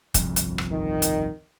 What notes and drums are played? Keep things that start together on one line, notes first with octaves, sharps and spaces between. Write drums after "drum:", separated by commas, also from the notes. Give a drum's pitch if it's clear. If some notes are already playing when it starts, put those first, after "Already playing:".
G1 C2 F2, drum: kick, hi-hat
drum: hi-hat
drum: rim click
D#3
drum: hi-hat